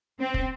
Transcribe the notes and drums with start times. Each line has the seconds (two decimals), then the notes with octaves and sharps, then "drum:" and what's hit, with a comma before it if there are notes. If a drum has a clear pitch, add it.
0.20 C4
0.34 drum: kick